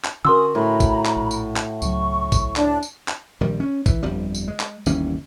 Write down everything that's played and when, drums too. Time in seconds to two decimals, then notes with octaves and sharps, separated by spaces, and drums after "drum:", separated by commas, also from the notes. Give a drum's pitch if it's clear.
0.04 drum: clap
0.25 D3 C#4 F#4 A#4 G#5 C6 D#6 E6
0.55 A2 A#5 B5
0.80 drum: kick A#1, tambourine
1.06 drum: clap
1.16 A#1
1.31 drum: tambourine
1.56 drum: clap
1.82 C#2 F#3 C#6, drum: tambourine
2.32 drum: kick A#1, tambourine
2.56 D4 D5 A5, drum: clap
2.83 drum: tambourine
3.08 drum: clap
3.41 A#1 D#3 G3
3.60 C#4
3.86 E3, drum: kick A#1, tambourine
4.03 G1 F2 G3
4.35 drum: tambourine
4.48 G#3
4.60 drum: clap
4.86 G1 D#2 E3 C#4, drum: tambourine